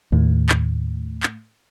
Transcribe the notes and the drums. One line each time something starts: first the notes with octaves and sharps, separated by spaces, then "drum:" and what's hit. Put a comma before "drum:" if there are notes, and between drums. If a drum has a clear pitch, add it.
D#2 A2
drum: clap
drum: clap